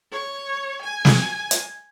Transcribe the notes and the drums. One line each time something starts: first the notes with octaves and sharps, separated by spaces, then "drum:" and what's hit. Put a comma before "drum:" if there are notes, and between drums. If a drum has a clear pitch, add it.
C#5
G#5
drum: snare
drum: hi-hat